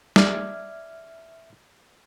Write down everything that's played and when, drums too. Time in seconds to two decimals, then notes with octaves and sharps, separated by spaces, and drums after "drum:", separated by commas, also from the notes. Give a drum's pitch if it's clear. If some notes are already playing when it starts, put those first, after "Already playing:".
0.16 D5 E5 F6 G#6, drum: snare